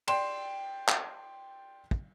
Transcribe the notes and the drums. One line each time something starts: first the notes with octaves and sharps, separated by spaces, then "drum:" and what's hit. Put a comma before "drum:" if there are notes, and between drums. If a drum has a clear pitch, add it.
D5 G5 C6 E7, drum: cymbal
drum: clap
drum: kick